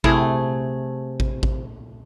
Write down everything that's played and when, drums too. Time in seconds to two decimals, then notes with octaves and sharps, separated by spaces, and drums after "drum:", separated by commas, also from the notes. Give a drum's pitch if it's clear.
0.04 C3 A3 E4 G#4, drum: kick A1
1.20 drum: kick A1
1.43 drum: kick A1